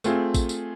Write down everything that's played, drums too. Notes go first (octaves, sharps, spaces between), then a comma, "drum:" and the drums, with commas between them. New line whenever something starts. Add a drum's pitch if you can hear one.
A3 C4 F4 G#4, drum: tambourine
drum: kick A1, tambourine
drum: tambourine